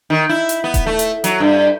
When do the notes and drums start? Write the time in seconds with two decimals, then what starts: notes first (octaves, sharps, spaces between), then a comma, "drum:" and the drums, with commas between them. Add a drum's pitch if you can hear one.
0.10 D#3
0.29 E4
0.49 drum: hi-hat
0.64 B3
0.74 drum: kick D#1, hi-hat
0.86 A3
0.99 drum: hi-hat
1.24 F#3, drum: hi-hat
1.40 G2